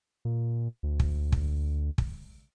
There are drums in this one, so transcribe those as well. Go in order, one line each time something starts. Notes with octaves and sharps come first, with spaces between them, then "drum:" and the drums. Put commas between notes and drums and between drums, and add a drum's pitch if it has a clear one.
A#2
D2
drum: kick
drum: kick
drum: kick